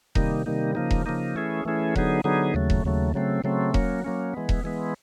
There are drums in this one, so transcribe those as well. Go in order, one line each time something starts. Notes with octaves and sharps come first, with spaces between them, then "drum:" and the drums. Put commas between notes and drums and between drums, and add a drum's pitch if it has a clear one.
C3 D#3 G3 A#3 D#4, drum: kick E1
C3 D#3 G3 A#3 D#4
C#3 F3 A#3 D#4
drum: kick E1
C#3 F3 A#3 D#4
E3 A3 C#4 E4 G#4
E3 A3 C#4 E4 G#4
D3 F#3 B3 D#4 G#4, drum: kick E1
D3 F#3 B3 D#4 G#4
D#2 C#3 F#3 A3
drum: kick E1
D#2 C#3 F#3 A3
C#3 F#3 A3 C4
C#3 F#3 A3 C4
F#3 A#3 C#4, drum: kick E1
F#3 A#3 C#4
E3 G#3 B3
drum: kick E1
E3 G#3 B3